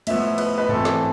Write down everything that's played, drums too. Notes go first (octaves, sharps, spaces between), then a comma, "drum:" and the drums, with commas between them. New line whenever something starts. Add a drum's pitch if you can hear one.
A2 F3 B3 E5, drum: cymbal
B4, drum: cymbal
B4
E3 A3 C4 A4, drum: tom G2
drum: snare